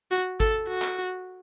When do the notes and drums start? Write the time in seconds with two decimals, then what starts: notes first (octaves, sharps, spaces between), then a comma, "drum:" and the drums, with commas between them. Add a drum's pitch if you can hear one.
0.11 F#4
0.40 A4, drum: kick G#1
0.68 F#4
0.82 drum: clap